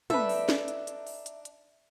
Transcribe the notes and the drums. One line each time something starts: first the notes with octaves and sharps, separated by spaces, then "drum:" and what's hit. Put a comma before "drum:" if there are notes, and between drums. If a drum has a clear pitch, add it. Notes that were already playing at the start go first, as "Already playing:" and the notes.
D4 D#4 A4 B4 E5, drum: tom
drum: open hi-hat
drum: snare
drum: hi-hat
drum: hi-hat
drum: open hi-hat
drum: hi-hat
drum: hi-hat